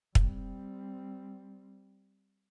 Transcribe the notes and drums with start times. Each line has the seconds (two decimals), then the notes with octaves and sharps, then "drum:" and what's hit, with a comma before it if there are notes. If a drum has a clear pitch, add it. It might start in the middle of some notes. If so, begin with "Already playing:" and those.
0.15 G3 C4, drum: kick